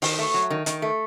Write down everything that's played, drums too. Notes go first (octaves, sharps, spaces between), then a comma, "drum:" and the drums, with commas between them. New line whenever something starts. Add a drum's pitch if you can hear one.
D#3, drum: open hi-hat
A3
F#3
D#3
D#3, drum: hi-hat
A3